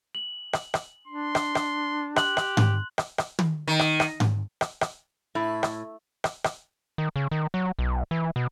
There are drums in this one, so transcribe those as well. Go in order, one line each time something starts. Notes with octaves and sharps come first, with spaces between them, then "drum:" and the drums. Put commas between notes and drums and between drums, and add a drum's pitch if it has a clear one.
F#7
drum: rim click
drum: rim click
D4 C6
drum: rim click
drum: rim click
G4 C6 F#6 F#7, drum: rim click
drum: rim click
drum: tom G#2
drum: rim click
drum: rim click
drum: tom
D#3
drum: rim click
drum: rim click
drum: tom G#2
drum: rim click
drum: rim click
A2 E4
drum: rim click
drum: rim click
drum: rim click
D#3
C#3
D#3
F#3
B1
E3
B2